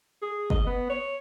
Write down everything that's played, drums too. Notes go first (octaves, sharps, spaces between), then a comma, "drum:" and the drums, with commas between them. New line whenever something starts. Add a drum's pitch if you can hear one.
G#4
D#5, drum: kick
B3
C#5